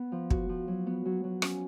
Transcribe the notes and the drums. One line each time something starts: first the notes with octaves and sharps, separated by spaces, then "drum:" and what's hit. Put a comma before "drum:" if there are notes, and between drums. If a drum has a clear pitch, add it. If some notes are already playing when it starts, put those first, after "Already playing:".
Already playing: B3
F3
F#4, drum: kick
F3
F#3
B3
F#3
F#3
C#4, drum: rim click